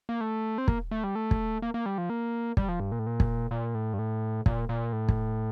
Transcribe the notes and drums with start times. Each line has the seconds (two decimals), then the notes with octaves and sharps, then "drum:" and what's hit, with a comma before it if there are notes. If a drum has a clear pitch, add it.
0.09 A#3
0.21 A3
0.58 C4
0.68 A#3, drum: kick
0.91 A3
1.04 G3
1.15 A3
1.31 drum: kick
1.62 A#3
1.74 A#3
1.86 G3
1.98 F3
2.10 A#3
2.57 G3, drum: kick
2.69 F3
2.80 G2
2.92 A#2
2.99 A2
3.07 A#2
3.20 drum: kick
3.51 A#2
3.75 A2
3.93 G2
3.99 A2
4.46 A#2, drum: kick
4.69 A#2
4.93 A2
5.09 drum: kick